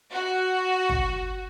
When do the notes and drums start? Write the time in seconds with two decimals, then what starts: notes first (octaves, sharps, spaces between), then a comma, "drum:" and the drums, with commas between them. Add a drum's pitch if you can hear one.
0.11 F#4
0.89 drum: kick